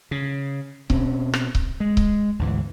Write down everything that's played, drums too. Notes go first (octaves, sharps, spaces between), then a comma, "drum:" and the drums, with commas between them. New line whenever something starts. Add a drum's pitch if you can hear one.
C#3
B2 C4 C#4, drum: kick C#1
drum: rim click
drum: kick C#1
G#3
drum: kick C#1
D2 G#2 E3